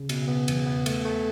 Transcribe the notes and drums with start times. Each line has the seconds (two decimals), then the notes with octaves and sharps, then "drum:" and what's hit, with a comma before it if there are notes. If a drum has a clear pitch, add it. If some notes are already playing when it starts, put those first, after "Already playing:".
Already playing: C#3
0.09 B2, drum: cymbal
0.28 B3
0.48 E2, drum: cymbal
0.66 B3
0.86 A3, drum: cymbal
1.05 A3